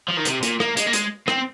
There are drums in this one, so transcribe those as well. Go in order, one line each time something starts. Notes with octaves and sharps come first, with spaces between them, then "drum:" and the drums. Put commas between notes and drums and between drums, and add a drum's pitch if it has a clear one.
F3
D#3
C3, drum: hi-hat
A#2, drum: hi-hat
A#3, drum: rim click
G#3, drum: hi-hat
A#3
G#3, drum: hi-hat
C4, drum: rim click